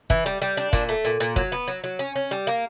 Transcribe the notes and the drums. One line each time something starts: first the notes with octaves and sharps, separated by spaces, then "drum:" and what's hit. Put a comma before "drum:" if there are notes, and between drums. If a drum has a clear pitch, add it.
E3, drum: kick
G3
G3
D4
A#2, drum: kick
A3
A#2
A#2
F#3, drum: kick
B3
F#3
F#3
C#4
C#4
G3
A#3